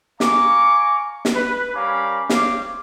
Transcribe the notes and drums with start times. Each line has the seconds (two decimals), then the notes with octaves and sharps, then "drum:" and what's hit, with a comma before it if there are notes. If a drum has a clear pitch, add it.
0.20 F5 G#5 A#5 C#6 D6, drum: snare
1.25 drum: snare
1.34 B4
1.75 G3 C#4 A#4 F5 B5 D6
2.30 C4 C#5 F5 D6, drum: snare